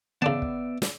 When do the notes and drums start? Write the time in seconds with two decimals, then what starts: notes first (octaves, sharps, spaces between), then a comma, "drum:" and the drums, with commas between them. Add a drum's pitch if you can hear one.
0.22 C#3 B3 D5 E5 A5
0.42 drum: kick
0.82 drum: snare